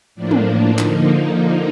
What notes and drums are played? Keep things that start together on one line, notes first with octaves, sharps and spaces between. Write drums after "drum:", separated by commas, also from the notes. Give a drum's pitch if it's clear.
A2 F3 A#3 D4
drum: tom
D3 F3 A#3 D#4, drum: clap